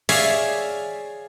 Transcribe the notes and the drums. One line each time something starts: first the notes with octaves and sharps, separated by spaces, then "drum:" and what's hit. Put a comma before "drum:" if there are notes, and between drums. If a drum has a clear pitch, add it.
G#4 C#5 D5 E5 F5, drum: open hi-hat